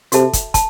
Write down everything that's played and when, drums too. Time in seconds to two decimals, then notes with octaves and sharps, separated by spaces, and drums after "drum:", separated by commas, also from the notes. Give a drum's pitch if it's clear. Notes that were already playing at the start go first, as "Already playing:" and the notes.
0.12 C3 F#4 A4 E5 A5, drum: hi-hat
0.33 drum: kick, hi-hat
0.54 A5, drum: kick, hi-hat